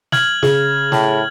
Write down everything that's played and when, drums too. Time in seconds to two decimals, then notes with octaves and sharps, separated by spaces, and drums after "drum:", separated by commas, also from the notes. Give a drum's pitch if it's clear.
0.12 F6 G#6 F#7, drum: snare
0.43 C#3, drum: snare
0.92 A2, drum: snare